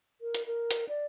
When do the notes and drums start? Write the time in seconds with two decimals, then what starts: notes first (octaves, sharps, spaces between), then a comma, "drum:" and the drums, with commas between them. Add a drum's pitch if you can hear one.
0.21 A#4
0.35 drum: hi-hat
0.47 A#4
0.71 drum: hi-hat
0.89 D5